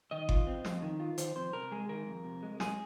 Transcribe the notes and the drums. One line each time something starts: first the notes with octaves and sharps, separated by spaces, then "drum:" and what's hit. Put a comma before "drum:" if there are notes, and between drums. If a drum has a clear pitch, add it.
D#3 D#5
F4, drum: kick G1
C4
F2, drum: snare
D#3
F4
D#3 C5, drum: hi-hat
F2 C5
C3 A#4
G#3 G#4
D#3 A#4
F2
C3
G#3
G#3 G#4, drum: snare